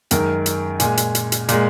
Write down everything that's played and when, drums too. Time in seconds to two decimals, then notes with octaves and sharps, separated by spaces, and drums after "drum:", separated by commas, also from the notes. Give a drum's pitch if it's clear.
0.11 F#2 D#3 G#3 A#4, drum: hi-hat
0.46 drum: hi-hat
0.80 A#2 G#3 G#5, drum: hi-hat
0.97 drum: hi-hat
1.15 drum: hi-hat
1.32 drum: hi-hat
1.49 A#2 G#3, drum: hi-hat